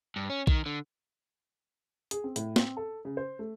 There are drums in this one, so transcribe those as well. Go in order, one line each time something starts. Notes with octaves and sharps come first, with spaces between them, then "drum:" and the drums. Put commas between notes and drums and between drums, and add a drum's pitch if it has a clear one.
G2
C#4
D#3, drum: kick
D3
G#4, drum: hi-hat
C4
A2, drum: hi-hat
C4, drum: snare
A4
C#3
C5
A3